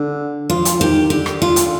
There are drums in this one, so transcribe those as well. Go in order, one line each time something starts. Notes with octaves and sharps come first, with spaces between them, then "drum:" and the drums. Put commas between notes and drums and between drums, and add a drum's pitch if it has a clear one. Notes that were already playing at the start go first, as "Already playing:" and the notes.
Already playing: D3
F3 F4
drum: hi-hat
D#3 G4
D#3
D3 G4
drum: rim click
F4
drum: hi-hat